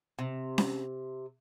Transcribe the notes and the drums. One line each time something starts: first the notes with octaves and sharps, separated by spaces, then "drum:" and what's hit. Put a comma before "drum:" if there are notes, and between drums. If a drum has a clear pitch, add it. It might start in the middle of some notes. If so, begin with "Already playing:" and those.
C3
drum: snare C#4